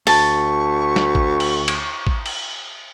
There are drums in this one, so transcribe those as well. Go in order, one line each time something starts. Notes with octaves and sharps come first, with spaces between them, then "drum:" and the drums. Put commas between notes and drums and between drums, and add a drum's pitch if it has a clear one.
D2 A5 C#6, drum: open hi-hat
drum: snare
drum: kick G#1
drum: cymbal
drum: cymbal
drum: kick G#1
drum: cymbal